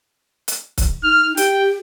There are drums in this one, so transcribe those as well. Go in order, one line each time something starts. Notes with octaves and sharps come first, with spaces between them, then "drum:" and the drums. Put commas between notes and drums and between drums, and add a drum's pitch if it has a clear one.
drum: hi-hat
drum: kick C#1, hi-hat
D#4 F6
G4 G5, drum: hi-hat